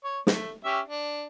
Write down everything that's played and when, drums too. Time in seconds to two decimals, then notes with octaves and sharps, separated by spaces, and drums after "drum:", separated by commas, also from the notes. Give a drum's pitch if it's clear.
0.04 C#5
0.27 A3, drum: snare
0.64 C#4 G4 E5
0.88 D4